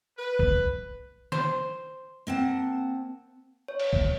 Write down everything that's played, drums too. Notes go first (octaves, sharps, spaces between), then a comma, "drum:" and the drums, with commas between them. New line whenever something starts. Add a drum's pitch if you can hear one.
B4
drum: kick
C5, drum: snare
A#3 C4 F#5 A5
C#5
drum: cymbal
drum: kick